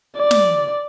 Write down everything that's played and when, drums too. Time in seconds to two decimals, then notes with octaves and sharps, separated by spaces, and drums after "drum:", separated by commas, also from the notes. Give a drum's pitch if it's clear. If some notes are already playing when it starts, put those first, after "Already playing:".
0.17 D5
0.31 drum: snare